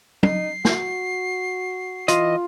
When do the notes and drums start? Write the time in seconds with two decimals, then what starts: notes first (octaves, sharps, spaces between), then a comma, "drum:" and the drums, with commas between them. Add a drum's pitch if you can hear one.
0.23 D#4 C7, drum: tom
0.65 F#4, drum: snare
2.08 E3 F4 D#5, drum: hi-hat